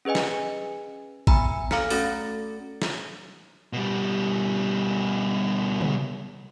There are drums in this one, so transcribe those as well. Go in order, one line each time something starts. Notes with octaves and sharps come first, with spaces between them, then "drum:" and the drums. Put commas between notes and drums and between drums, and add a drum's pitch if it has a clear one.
C#4 G#4 B4 D#5 G#5
drum: snare
B3 G#5 A#5 B5 E6, drum: kick A1
A4 F5 A#5 F6 C#7, drum: snare
A3 C#4 F#4 A4 A6, drum: open hi-hat
drum: snare
B2 G3
drum: tom